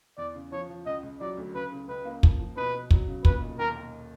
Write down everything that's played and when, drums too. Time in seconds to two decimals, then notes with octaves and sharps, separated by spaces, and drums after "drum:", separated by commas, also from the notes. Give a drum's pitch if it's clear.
0.18 E2 D5
0.35 C#3
0.52 F3 C#5
0.69 F3
0.86 C#2 D#5
1.03 C#2
1.20 F#3 D5
1.37 D2
1.55 C#3 B4
1.72 C#3
1.88 C#2 B4
2.05 A#3
2.23 F3, drum: kick
2.39 F3
2.57 B2 B4
2.74 B2
2.91 F#3, drum: kick
3.08 C#3
3.25 A#2 B4, drum: kick
3.42 B1
3.59 D#2 A#4
3.77 D#2